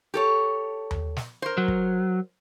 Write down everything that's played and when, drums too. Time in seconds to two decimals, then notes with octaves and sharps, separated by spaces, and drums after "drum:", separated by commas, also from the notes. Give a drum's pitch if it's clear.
0.14 G4 A4 C#5
0.91 drum: tom D#2
1.16 drum: snare
1.42 A#4 C5
1.58 F#3
1.68 drum: kick